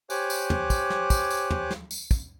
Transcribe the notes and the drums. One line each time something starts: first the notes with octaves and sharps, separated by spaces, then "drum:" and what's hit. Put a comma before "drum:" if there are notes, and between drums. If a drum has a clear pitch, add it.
G4 C5 C#5 G#5 D6 F#6, drum: tambourine
drum: tambourine
drum: tom
drum: kick, tambourine
drum: snare
drum: kick, tambourine
drum: tambourine
drum: tom
drum: snare
drum: tambourine
drum: kick, tambourine